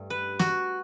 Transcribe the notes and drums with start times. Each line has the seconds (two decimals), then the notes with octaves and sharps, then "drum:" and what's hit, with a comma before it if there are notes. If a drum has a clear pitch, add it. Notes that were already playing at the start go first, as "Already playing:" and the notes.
Already playing: G2 A3
0.10 B4
0.39 F#4, drum: snare